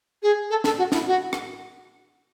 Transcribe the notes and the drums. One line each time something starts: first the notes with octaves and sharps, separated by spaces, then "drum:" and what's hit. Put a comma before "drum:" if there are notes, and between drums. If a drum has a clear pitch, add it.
G#4
A4
A4, drum: snare
F#4
E4, drum: snare
F#4
drum: rim click